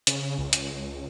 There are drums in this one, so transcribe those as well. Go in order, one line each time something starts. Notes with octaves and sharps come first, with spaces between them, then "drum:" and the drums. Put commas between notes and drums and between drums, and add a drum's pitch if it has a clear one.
C#3, drum: hi-hat
C#2
drum: hi-hat